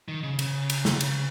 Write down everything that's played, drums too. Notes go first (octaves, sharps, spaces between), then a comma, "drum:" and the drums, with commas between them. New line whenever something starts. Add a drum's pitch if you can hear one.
D#3
C#3
C#3, drum: cymbal
drum: cymbal
drum: snare
drum: cymbal